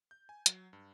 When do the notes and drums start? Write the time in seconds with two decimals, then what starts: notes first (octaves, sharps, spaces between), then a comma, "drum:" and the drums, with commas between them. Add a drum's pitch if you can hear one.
0.11 G6
0.29 G#5
0.46 F#3, drum: hi-hat
0.73 G2